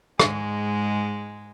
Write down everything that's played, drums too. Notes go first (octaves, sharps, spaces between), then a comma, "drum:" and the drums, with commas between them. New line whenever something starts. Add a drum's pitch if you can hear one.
G#2 G#3, drum: rim click